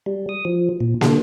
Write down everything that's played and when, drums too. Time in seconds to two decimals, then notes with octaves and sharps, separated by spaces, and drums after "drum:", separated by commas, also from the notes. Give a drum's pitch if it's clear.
0.06 G3
0.29 D#6
0.45 F3
0.80 A#2
1.01 D3, drum: snare